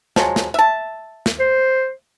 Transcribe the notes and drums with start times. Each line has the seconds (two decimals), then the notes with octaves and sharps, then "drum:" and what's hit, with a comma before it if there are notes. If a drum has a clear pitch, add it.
0.16 F3 F#3 G#3, drum: snare
0.36 drum: snare
0.54 E5 A5
1.26 drum: snare
1.40 C5